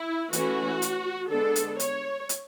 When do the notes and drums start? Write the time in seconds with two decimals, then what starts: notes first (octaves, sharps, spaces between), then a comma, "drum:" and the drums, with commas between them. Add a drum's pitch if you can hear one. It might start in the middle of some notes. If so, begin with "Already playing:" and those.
Already playing: E4
0.33 E3 A3 C#4 F#4, drum: hi-hat
0.82 drum: hi-hat
1.31 D3 G#3 B3 D4 A4
1.56 drum: hi-hat
1.80 C#5, drum: hi-hat
2.29 drum: hi-hat